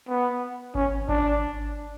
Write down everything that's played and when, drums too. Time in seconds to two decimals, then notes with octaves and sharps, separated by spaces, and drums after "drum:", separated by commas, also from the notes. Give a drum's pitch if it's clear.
0.09 B3
0.75 C#4, drum: kick G#1
1.09 D4, drum: kick G#1